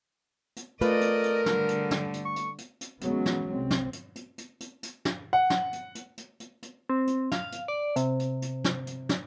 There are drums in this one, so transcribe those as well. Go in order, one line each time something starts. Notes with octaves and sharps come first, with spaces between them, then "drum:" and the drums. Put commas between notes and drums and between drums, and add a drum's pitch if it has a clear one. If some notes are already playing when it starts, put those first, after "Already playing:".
drum: hi-hat
A3 F4 A#4 B4 D5 D#5, drum: hi-hat
drum: hi-hat
drum: hi-hat
D3 G3, drum: snare
drum: hi-hat
drum: snare
drum: hi-hat
C#6
drum: hi-hat
drum: hi-hat
drum: hi-hat
E3 F#3 G#3 B3 C#4, drum: hi-hat
drum: snare
C2 C4
drum: snare
drum: hi-hat
drum: hi-hat
drum: hi-hat
drum: hi-hat
drum: hi-hat
drum: snare
F#5
drum: snare
drum: hi-hat
drum: hi-hat
drum: hi-hat
drum: hi-hat
drum: hi-hat
C4
drum: hi-hat
F5, drum: snare
drum: hi-hat
D5
C3, drum: hi-hat
drum: hi-hat
drum: hi-hat
drum: snare
drum: hi-hat
drum: snare